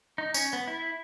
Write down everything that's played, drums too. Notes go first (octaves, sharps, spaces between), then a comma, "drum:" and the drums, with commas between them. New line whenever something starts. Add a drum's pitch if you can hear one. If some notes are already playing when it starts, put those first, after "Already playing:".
D#4
C#4, drum: tambourine
B3
E4